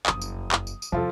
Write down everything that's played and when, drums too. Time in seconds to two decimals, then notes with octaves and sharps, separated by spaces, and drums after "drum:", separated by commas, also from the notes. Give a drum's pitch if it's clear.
0.06 F#1 F2 D#6, drum: clap
0.21 drum: tambourine
0.52 drum: clap
0.67 drum: tambourine
0.82 drum: tambourine
0.92 E2 C3 F3 F4 A4